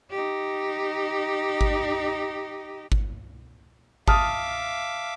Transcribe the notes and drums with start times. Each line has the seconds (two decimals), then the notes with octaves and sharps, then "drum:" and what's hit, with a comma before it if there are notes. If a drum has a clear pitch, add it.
0.11 D#4 G4
1.61 drum: kick G#1
2.92 drum: kick G#1
4.08 E5 F5 A5 D6 D#6 F6, drum: kick G#1